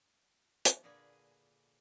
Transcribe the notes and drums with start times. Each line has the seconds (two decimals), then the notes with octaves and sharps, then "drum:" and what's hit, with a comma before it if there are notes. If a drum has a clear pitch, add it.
0.65 drum: hi-hat
0.83 A#2 D3 A#3 G#4 B4 G#5